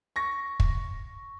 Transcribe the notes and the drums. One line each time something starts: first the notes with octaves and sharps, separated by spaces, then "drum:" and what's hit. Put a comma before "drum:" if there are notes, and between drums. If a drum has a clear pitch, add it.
C#6 A#6
drum: kick